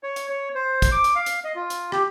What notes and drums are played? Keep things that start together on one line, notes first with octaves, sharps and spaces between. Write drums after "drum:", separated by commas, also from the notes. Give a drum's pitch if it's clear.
C#5
drum: hi-hat
C#5
C5
drum: kick, hi-hat
D6
drum: hi-hat
F5
drum: hi-hat
D#5
F4
drum: hi-hat
G4, drum: rim click